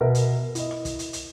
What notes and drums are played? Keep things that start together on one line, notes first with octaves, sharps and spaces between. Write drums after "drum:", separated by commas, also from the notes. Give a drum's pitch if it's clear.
B2 A#4 B4 E5
drum: hi-hat
E4 D#5, drum: hi-hat
drum: rim click
drum: kick, hi-hat
drum: hi-hat
drum: hi-hat